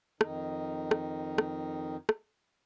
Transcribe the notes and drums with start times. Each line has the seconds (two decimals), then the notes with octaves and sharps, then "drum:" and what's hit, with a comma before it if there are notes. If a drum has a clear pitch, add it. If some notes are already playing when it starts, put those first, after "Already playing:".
0.21 F2 D#3 D#4, drum: rim click
0.91 drum: rim click
1.38 drum: rim click
2.09 drum: rim click